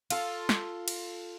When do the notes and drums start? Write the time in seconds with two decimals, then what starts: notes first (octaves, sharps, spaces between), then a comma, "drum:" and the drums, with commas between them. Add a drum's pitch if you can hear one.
0.10 F4 A4, drum: cymbal
0.49 drum: snare
0.88 drum: cymbal